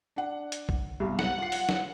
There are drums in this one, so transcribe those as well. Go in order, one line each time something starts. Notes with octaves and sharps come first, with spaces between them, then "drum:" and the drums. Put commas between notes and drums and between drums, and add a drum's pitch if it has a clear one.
D4 F#5
drum: hi-hat
drum: kick B1
C2 G2 B2
F#5, drum: snare
F4 C7
drum: open hi-hat
drum: snare